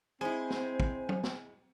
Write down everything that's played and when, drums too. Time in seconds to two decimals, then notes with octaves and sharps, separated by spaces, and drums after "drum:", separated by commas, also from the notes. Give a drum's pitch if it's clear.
0.21 G#3 C4 E4 C5 G#5
0.50 drum: snare
0.80 drum: kick
1.09 drum: tom F#3
1.23 drum: snare